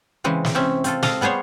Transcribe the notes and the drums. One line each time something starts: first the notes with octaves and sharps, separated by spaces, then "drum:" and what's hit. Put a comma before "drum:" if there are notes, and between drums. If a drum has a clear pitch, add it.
C#3 E3 G#3 C4
drum: snare
C3 C4 C#4 E5
C4 F4 A4, drum: hi-hat
A4 D#5 F5, drum: snare
G3 B3 G#4 C5 C#5